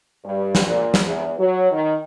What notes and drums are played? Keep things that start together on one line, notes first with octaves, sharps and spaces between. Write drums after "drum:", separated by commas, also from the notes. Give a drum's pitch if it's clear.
G2
drum: snare
A#2
drum: snare
E2
F#3
D#3